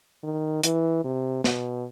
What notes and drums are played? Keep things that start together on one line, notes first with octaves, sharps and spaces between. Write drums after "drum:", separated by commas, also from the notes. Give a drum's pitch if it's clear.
D#3
E3, drum: hi-hat
C3
B2, drum: snare